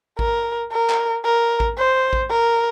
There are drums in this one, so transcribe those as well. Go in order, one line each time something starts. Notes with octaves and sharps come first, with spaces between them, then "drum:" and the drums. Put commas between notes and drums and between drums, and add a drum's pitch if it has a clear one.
A#4, drum: kick A1
A#4
drum: clap
A#4
drum: kick A1
C5
drum: kick A1
A#4